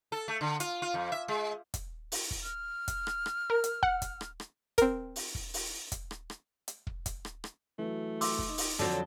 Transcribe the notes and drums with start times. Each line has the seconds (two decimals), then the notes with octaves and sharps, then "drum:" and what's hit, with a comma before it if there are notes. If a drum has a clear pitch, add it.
0.12 A4
0.28 A3
0.41 D3
0.60 F4, drum: hi-hat
0.82 F4
0.94 F2
1.12 E5
1.28 G#3
1.74 drum: kick, hi-hat
2.12 drum: open hi-hat
2.31 drum: kick
2.43 F6
2.88 drum: kick, hi-hat
3.07 drum: rim click
3.26 drum: rim click
3.50 A#4
3.64 drum: hi-hat
3.83 F#5, drum: kick
4.02 drum: kick, hi-hat
4.21 drum: rim click
4.40 drum: rim click
4.78 C4 A#4, drum: kick, hi-hat
5.16 drum: open hi-hat
5.35 drum: kick
5.54 drum: open hi-hat
5.92 drum: kick, hi-hat
6.11 drum: rim click
6.30 drum: rim click
6.68 drum: hi-hat
6.87 drum: kick
7.06 drum: kick, hi-hat
7.25 drum: rim click
7.44 drum: rim click
7.78 E3 F#3 A3
8.21 C6 D6 E6, drum: open hi-hat
8.39 drum: kick
8.49 D#4
8.58 drum: open hi-hat
8.79 F2 D3 F#3 C4 A5